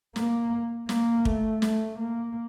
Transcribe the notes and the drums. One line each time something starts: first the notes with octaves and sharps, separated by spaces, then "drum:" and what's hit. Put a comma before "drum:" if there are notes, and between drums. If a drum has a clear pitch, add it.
A#3, drum: snare
A#3, drum: snare
A3, drum: kick
A3, drum: snare
A#3